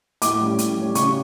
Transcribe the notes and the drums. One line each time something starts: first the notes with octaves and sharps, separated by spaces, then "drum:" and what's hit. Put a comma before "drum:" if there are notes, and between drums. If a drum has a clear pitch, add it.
A2 D6, drum: hi-hat
G3 C#4
A2, drum: hi-hat
G3 C#4
C#3 C#6, drum: hi-hat